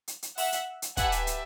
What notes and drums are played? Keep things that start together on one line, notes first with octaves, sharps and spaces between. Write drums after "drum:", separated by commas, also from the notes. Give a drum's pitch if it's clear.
drum: hi-hat
drum: hi-hat
E5 F#5, drum: open hi-hat
drum: hi-hat
drum: hi-hat
G4 B4 E5 F#5 G#5 A5, drum: kick, hi-hat
drum: hi-hat
drum: hi-hat